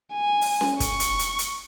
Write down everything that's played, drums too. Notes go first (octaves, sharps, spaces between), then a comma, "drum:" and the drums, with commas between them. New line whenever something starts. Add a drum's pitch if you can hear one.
G#5
drum: open hi-hat
drum: snare C#4
C#6, drum: kick, hi-hat
drum: hi-hat
drum: hi-hat
drum: hi-hat